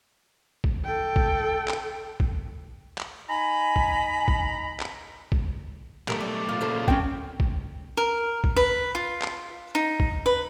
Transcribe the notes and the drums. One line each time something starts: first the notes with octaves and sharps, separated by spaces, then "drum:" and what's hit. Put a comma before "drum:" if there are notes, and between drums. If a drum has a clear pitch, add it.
drum: kick
A4 G5
drum: kick
drum: clap
drum: kick
drum: clap
D#4 G#5 A#5 B5
drum: kick
drum: kick
drum: clap
drum: kick
B1 G3 A3 A#4, drum: clap
D5
F4
A#2 C#3 F4 A4 C5
F3 C4 C#4 G5, drum: kick
drum: kick
A#4
drum: kick
B4
F4
drum: clap
D#4
drum: kick
B4